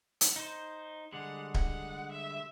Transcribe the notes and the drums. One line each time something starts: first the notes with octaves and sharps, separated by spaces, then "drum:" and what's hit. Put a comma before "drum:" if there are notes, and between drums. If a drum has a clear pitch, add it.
drum: hi-hat
D#4 C5
D3 G3 G#3 F#5
F#5, drum: kick D1
E5